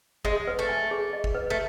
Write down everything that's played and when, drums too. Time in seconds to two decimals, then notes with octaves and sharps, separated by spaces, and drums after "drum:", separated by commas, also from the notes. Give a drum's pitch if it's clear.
0.25 G#3 D#5, drum: kick
0.47 B4
0.59 A3
0.69 G#5
0.91 G#4
1.13 D#5
1.24 drum: kick
1.35 B4
1.50 A3